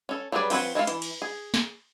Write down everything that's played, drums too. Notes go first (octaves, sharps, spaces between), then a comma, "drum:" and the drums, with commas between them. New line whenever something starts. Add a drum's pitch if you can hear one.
C#4 A4
F#3 G3 G#4 B4 D5
F3 C4 B4 C#5 F#5, drum: cymbal
G#3 A3 A4 F5
E3, drum: hi-hat
drum: cymbal
G#4
drum: snare